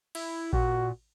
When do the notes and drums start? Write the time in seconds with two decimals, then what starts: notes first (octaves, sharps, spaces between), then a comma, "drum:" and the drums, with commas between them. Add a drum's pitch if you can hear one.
0.15 E4, drum: cymbal
0.53 A#2 F#4, drum: kick A1